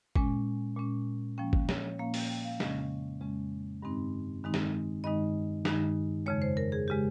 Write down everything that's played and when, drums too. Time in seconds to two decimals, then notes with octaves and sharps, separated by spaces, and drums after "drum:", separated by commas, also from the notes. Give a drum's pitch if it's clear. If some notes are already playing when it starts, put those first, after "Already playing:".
0.15 A#2 G#3 C#4 G#5, drum: kick
0.77 A#2 G#3 C#4
1.38 A#2 F3 A#3 C#4 G5
1.53 F5, drum: kick
1.69 C#5, drum: snare
1.84 C#5
1.99 A#2 F3 A#3 C#4 F5
2.14 G5, drum: open hi-hat
2.29 G5
2.45 F5
2.60 F2 C#3 G#3 C#4 D#5, drum: snare
3.21 F2 C#3 G#3 C#4
3.82 G2 D#3 G#3 C4 D#4
4.43 G2 D#3 G#3 C4 D#4
4.54 drum: snare
5.04 G2 D#3 G#3 D#4 D#5
5.65 G2 D#3 G#3 D#4, drum: snare
6.26 F2 C#3 G#3 C#5
6.42 C5
6.57 A#4
6.72 G#4
6.88 C#3 G#3 G4